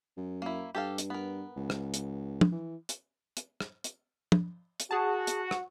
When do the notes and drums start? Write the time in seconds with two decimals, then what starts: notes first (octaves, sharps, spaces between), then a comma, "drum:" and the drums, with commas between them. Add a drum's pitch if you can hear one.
0.17 F#2
0.42 A#3 E4
0.75 G2 G4 A4 F5
0.98 drum: hi-hat
1.10 B3 A#4
1.56 C#2
1.70 drum: rim click
1.94 drum: hi-hat
2.41 drum: tom
2.52 E3
2.89 drum: hi-hat
3.37 drum: hi-hat
3.60 drum: rim click
3.84 drum: hi-hat
4.32 drum: tom
4.80 drum: hi-hat
4.91 F#4 G#4 A5
5.27 drum: hi-hat
5.51 drum: rim click